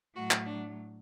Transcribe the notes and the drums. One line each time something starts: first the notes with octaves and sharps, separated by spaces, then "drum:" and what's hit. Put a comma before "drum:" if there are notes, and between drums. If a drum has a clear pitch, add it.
A2 F#3 A3 F#4
drum: clap
D4